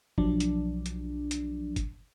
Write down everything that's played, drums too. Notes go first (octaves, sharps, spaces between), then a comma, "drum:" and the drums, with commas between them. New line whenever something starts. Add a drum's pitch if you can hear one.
B1 F3 F#3 D4 D5, drum: kick
drum: hi-hat
drum: hi-hat
drum: hi-hat
drum: kick, hi-hat